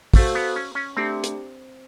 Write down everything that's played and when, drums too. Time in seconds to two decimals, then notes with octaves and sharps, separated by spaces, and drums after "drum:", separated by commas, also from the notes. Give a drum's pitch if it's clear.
0.14 A3 F#4 A4 C5 F5, drum: kick, open hi-hat
0.35 B3
0.56 C#4
0.75 C#4
0.97 A3 C4 D4 G4
1.24 drum: hi-hat